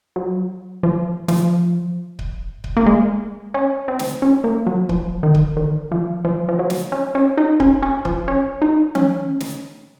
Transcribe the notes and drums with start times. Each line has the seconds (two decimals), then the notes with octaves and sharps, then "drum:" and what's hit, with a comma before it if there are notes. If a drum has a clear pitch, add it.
0.16 F#3
0.83 F3
1.28 F3, drum: snare
2.19 drum: kick C#1
2.64 drum: kick C#1
2.77 A#3
2.86 G#3
3.54 C#4
3.88 C4
3.99 drum: snare
4.22 C#4
4.44 A#3
4.67 F#3
4.89 F3, drum: kick C#1
5.23 D#3
5.35 drum: kick C#1
5.57 D#3
5.92 F3
6.25 F3
6.49 F3
6.59 F#3
6.70 drum: snare
6.92 C#4
7.15 C#4
7.37 D#4
7.60 C#4, drum: kick C#1
7.82 C#4
8.05 F3, drum: kick C#1
8.28 C#4
8.62 D#4
8.95 C#4, drum: tom E3
9.40 drum: snare